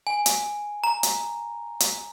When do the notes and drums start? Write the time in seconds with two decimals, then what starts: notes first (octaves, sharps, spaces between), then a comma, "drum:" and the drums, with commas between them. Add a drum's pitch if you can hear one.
0.07 G#5
0.26 drum: hi-hat
0.84 A#5
1.03 drum: hi-hat
1.80 drum: hi-hat